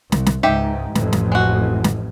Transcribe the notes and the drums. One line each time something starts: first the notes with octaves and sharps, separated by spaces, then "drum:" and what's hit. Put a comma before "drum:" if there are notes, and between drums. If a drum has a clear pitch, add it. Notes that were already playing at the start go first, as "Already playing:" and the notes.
C2, drum: snare
drum: snare
C#2 G#2 D#4 G4 E5
A1 F2 A2, drum: snare
drum: snare
G#3 F#4
drum: snare